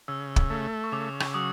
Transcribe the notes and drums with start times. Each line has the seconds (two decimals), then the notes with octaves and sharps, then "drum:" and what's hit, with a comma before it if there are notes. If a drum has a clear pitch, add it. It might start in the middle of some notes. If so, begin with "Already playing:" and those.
0.08 C#3 E6
0.36 drum: kick
0.50 A3
0.84 C#6
0.92 C#3 D6
1.20 drum: rim click
1.34 F#3 D#6